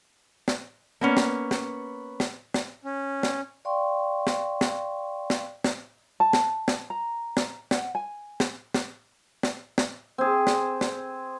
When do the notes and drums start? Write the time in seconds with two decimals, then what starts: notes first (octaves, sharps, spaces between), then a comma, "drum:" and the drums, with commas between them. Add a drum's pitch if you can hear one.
0.48 drum: snare
1.01 A#3 B3 C#4
1.17 drum: snare
1.51 drum: snare
2.20 drum: snare
2.54 drum: snare
2.84 C#4
3.23 drum: snare
3.65 D5 F5 G5 C6 C#6
4.27 drum: snare
4.61 drum: snare
5.30 drum: snare
5.64 drum: snare
6.20 A5
6.33 drum: snare
6.68 drum: snare
6.90 A#5
7.37 drum: snare
7.71 F#5, drum: snare
7.95 G#5
8.40 drum: snare
8.74 drum: snare
9.43 drum: snare
9.78 drum: snare
10.18 C4 G#4
10.47 drum: snare
10.81 drum: snare